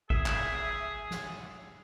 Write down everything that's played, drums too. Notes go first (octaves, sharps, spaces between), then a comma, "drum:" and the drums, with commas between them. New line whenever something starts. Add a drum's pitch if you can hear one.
G#4 E5, drum: kick
drum: clap
drum: snare